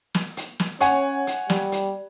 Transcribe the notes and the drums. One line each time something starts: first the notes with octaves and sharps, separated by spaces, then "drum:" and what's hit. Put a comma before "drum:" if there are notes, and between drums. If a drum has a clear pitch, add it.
drum: snare
drum: hi-hat
drum: snare
C#4 C#5 F#5 G#5, drum: hi-hat
drum: hi-hat
G3, drum: snare
drum: hi-hat